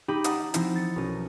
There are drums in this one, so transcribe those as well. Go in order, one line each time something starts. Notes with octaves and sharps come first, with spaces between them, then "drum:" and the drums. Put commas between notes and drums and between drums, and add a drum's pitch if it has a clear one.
D#4 G4 B5 D#7
D#5 F#5 A5 A#5 D#6, drum: hi-hat
F3 C4 D#4 E4, drum: hi-hat
A6 C#7
B1 C#4 A#4 D#7